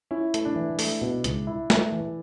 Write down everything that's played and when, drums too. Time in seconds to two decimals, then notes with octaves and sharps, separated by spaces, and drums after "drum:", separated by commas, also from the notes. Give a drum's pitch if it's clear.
0.11 C#4 E4
0.34 A3, drum: hi-hat
0.45 D4
0.56 E3
0.79 A3, drum: open hi-hat
1.02 B2
1.24 C#2, drum: hi-hat
1.47 E4
1.70 A3, drum: snare
1.92 E3